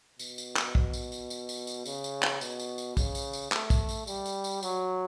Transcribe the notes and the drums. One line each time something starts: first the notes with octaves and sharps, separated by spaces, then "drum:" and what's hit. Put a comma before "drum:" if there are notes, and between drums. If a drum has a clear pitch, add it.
B2, drum: tambourine
drum: tambourine
drum: clap
drum: kick
drum: tambourine
drum: tambourine
drum: tambourine
drum: tambourine
drum: tambourine
C#3, drum: tambourine
drum: tambourine
drum: clap
B2, drum: tambourine
drum: tambourine
drum: tambourine
C#3, drum: kick, tambourine
drum: tambourine
drum: tambourine
A3, drum: clap
drum: kick, tambourine
drum: tambourine
G3, drum: tambourine
drum: tambourine
drum: tambourine
F#3, drum: tambourine